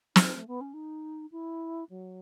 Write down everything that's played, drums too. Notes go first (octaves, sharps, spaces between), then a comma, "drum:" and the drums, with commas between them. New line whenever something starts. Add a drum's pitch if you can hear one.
D#4, drum: snare
A3
B3
C#4
D#4
E4
F#3